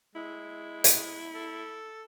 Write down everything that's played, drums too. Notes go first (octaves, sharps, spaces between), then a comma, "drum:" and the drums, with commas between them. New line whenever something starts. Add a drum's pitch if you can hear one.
G#3 E4
drum: hi-hat
A4